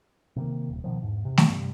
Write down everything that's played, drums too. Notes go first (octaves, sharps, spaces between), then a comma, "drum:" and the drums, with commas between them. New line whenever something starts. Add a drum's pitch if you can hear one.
C3 D#3 A#3
D#1
B2 D#3 F3
E2 G#2
C3
drum: snare A3
G2 C3